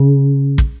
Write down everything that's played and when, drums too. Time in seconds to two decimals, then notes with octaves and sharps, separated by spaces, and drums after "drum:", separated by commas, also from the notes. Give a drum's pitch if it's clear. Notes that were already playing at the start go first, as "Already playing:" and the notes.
Already playing: C#3
0.58 drum: kick